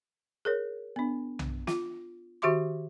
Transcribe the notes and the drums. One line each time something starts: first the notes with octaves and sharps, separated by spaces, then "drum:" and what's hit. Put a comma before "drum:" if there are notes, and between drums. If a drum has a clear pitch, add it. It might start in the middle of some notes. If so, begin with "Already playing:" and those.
G#4 A#4 C#5
B3 D4
drum: tom B1
F4, drum: snare
D#3 F#4 G4 E5 C6 D6